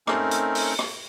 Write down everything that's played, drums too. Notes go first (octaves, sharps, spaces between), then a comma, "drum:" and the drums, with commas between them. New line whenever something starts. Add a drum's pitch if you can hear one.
A3 C4 C#4 D#4 A#4, drum: rim click
drum: hi-hat
drum: open hi-hat
drum: rim click